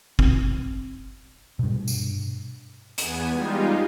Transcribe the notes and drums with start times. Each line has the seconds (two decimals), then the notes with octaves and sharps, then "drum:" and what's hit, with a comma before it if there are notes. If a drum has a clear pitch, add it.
0.19 C4, drum: kick
1.59 G2 B2
1.88 drum: tambourine
2.98 E2 B3 G#5, drum: hi-hat
3.31 G3 G#3 D#4 F4